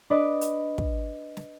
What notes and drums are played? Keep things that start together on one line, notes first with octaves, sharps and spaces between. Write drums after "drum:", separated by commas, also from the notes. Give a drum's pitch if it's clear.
D4 B4 D5 D#5
drum: hi-hat
drum: kick
drum: snare